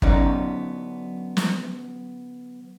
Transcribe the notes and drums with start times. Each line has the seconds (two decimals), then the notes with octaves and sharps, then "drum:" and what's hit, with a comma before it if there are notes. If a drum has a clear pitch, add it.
0.02 D3 F#3 B3 C#4 D#4 D5, drum: kick
1.37 drum: snare